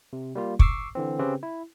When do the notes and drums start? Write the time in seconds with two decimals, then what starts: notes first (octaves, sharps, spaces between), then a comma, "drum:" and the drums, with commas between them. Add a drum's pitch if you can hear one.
0.13 C3
0.35 G3 A#3 F4
0.59 C#6 D6 E6 C7, drum: kick
0.95 D3 E3 C4
1.19 C#3 C4 C#4 G4 B4
1.43 E4